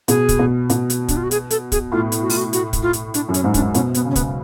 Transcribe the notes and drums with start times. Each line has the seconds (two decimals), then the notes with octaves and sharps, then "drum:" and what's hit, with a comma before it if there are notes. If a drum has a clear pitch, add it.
0.08 B2 G#4, drum: hi-hat
0.29 drum: kick, hi-hat
0.39 B2
0.70 B2, drum: hi-hat
0.90 drum: hi-hat
1.08 D4, drum: kick, hi-hat
1.17 F4
1.24 F#4
1.31 G#4, drum: hi-hat
1.51 A4, drum: hi-hat
1.72 G#4, drum: kick, hi-hat
1.92 A2 F4
2.12 drum: hi-hat
2.22 F#4
2.30 F4, drum: open hi-hat
2.37 F#4
2.53 F#4, drum: hi-hat
2.73 drum: kick, hi-hat
2.82 F4
2.93 drum: hi-hat
3.14 D4, drum: hi-hat
3.29 F#2
3.34 C#4, drum: hi-hat
3.44 G#2
3.54 D4, drum: kick, hi-hat
3.59 G#2
3.74 B2 C#4, drum: hi-hat
3.94 B3, drum: hi-hat
4.05 C#3
4.11 C#4
4.16 B3, drum: kick, hi-hat